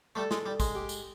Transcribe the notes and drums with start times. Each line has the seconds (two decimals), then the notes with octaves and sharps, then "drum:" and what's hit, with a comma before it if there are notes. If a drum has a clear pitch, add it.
0.15 G3 A3 A4
0.31 G#3, drum: snare
0.46 G3
0.60 G#3, drum: kick, tambourine
0.75 G4
0.89 drum: tambourine